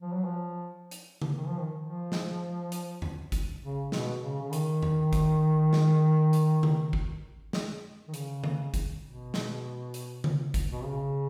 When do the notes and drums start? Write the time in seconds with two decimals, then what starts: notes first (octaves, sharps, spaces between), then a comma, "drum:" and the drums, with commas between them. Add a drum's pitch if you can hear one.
0.01 F3
0.13 F#3
0.25 F3
0.91 drum: hi-hat
1.22 drum: tom C#3
1.37 D#3
1.47 F3
1.58 D#3
1.81 F3
2.12 drum: snare
2.72 drum: hi-hat
3.02 drum: tom E2
3.32 drum: kick G1, hi-hat
3.62 C#3
3.92 B2, drum: snare
4.23 C#3
4.42 C#3
4.53 D#3, drum: hi-hat
4.83 drum: tom E2
5.13 drum: kick G1, hi-hat
5.73 drum: snare
6.33 drum: hi-hat
6.63 drum: tom C#3
6.93 drum: kick G1
7.53 drum: snare
8.08 D#3
8.14 C#3, drum: hi-hat
8.44 drum: tom D3
8.74 drum: kick G1, hi-hat
9.04 B2
9.34 drum: snare
9.94 drum: hi-hat
10.24 drum: tom C#3
10.54 drum: kick G1, hi-hat
10.71 B2
10.84 C#3